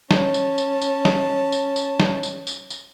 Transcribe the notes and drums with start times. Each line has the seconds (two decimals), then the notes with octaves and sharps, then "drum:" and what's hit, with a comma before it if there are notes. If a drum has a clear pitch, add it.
0.11 C#4 A5, drum: snare
0.34 drum: tambourine
0.58 drum: tambourine
0.81 drum: tambourine
1.05 drum: snare
1.52 drum: tambourine
1.76 drum: tambourine
2.00 drum: snare
2.23 drum: tambourine
2.47 drum: tambourine
2.70 drum: tambourine